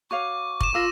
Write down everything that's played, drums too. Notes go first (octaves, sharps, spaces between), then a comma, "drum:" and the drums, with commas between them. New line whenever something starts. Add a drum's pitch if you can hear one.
F#4 C#5 F5 C#6 D6
C#6 E7, drum: kick
F4 A#4 F5 D6 E6 A#6